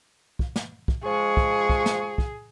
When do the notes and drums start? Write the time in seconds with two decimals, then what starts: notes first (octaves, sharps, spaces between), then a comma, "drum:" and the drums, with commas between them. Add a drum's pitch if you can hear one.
0.39 drum: kick
0.56 drum: snare
0.88 drum: kick
1.04 F3 G#3 G#4 C#6
1.37 drum: kick
1.70 drum: kick
1.86 drum: snare
2.18 drum: kick